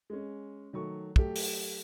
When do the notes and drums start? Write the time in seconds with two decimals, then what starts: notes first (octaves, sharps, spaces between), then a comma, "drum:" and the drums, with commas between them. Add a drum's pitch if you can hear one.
0.10 G#3 C#4
0.73 D#3 F#3 A3 C#6
1.16 F#3 A3 G4, drum: kick
1.36 drum: open hi-hat